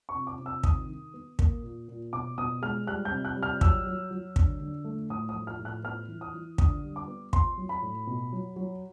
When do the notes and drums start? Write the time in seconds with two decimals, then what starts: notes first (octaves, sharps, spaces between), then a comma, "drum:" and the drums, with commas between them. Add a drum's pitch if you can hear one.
0.09 C#6
0.15 C3
0.27 D6
0.39 C3
0.46 E6
0.64 D#3 D#6, drum: kick
0.88 D#3
1.14 B3
1.39 A#3, drum: kick
1.62 A#2
1.88 A#2
2.13 B2 D6
2.38 B2 D#6
2.62 G#3 F6
2.87 G3 F#6
3.05 G6
3.11 C3
3.25 F#6
3.37 G3
3.43 F6
3.61 F#3 E6, drum: kick
3.87 F#3
4.11 F#3
4.36 D3, drum: kick
4.60 D3
4.84 A3
5.10 A2 D#6
5.29 F3 D#6
5.47 F6
5.59 A2
5.65 F#6
5.84 B3 F6
6.08 E3
6.21 D#6
6.34 E3
6.58 D3 D#6, drum: kick
6.83 G3
6.96 D6
7.08 B3
7.33 B3 C6, drum: kick
7.57 F#3
7.69 B5
7.82 A2
8.07 B2
8.32 F#3
8.56 F#3